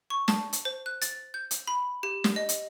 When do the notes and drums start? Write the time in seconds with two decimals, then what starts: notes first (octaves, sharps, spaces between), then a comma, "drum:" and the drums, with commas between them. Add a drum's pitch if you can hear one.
0.10 C#6
0.28 A5, drum: snare
0.53 drum: hi-hat
0.65 C5
0.86 F#6
1.02 A6, drum: hi-hat
1.34 G6
1.51 drum: hi-hat
1.68 B5
2.03 G4
2.24 drum: snare
2.36 D#5
2.49 drum: hi-hat